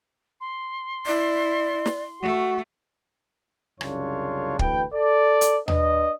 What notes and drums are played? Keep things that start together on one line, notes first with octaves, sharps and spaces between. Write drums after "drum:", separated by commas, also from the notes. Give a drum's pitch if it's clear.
C6
E4 D5
drum: snare
A3 F#4
C2 F#2 C#3 D4 F4 C#5, drum: rim click
D2 E3 B4 G5, drum: kick
A4 D5
drum: hi-hat
D4 B4 D5 D#5, drum: tom D#2